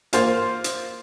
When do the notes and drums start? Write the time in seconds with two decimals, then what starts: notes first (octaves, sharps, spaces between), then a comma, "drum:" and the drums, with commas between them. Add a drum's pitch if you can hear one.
0.13 A#3 F4 C5 F5, drum: hi-hat
0.64 drum: hi-hat